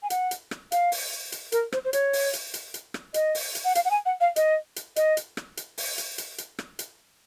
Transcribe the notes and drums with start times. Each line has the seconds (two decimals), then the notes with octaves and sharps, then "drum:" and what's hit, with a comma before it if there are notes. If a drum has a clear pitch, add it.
0.03 G#5
0.10 F#5, drum: hi-hat
0.31 drum: hi-hat
0.51 drum: rim click
0.72 F5, drum: hi-hat
0.92 drum: open hi-hat
1.32 drum: hi-hat
1.52 A#4, drum: hi-hat
1.72 C5, drum: rim click
1.85 C5
1.93 C#5, drum: hi-hat
2.13 drum: open hi-hat
2.33 drum: hi-hat
2.54 drum: hi-hat
2.74 drum: hi-hat
2.94 drum: rim click
3.14 D#5, drum: hi-hat
3.35 drum: open hi-hat
3.55 drum: hi-hat
3.65 F#5
3.75 F5, drum: hi-hat
3.85 F#5
3.91 G#5
4.06 F#5
4.21 F5
4.36 D#5, drum: hi-hat
4.76 drum: hi-hat
4.96 D#5, drum: hi-hat
5.17 drum: hi-hat
5.37 drum: rim click
5.57 drum: hi-hat
5.78 drum: open hi-hat
5.98 drum: hi-hat
6.18 drum: hi-hat
6.38 drum: hi-hat
6.59 drum: rim click
6.79 drum: hi-hat